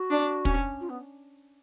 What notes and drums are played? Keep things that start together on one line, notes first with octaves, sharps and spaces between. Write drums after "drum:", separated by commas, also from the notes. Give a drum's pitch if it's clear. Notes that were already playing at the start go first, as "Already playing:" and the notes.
Already playing: F#4
D4
C#4, drum: kick
F4
B3